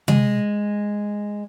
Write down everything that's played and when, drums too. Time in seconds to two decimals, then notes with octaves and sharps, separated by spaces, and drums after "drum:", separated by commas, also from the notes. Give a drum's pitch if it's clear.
0.08 G#3, drum: tom C3